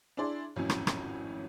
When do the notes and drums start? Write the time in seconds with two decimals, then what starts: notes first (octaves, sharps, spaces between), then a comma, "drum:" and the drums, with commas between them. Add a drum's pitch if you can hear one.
0.17 D4 E4 G#4 D5 C6
0.56 G#1 F2 A2 F#3 C#4
0.70 drum: rim click
0.87 drum: rim click